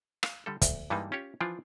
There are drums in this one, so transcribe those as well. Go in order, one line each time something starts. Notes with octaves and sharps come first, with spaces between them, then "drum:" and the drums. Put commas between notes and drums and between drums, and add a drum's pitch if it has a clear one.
F5, drum: rim click
D3 G3 A4
D2, drum: kick, hi-hat
G2 E3 G3 G#3 A#3 D#4
C#4 F4 G4 C#5
E3 F3 D4 F4 D5